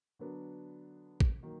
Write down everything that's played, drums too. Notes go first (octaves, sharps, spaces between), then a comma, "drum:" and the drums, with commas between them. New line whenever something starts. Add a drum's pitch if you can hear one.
D3 F#3 B3 D4
drum: kick
D#3 F#3 A#3